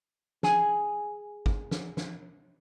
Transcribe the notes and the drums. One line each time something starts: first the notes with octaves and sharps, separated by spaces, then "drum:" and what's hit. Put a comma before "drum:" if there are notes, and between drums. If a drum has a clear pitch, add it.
G#4 G#5, drum: snare
drum: kick
drum: snare
drum: snare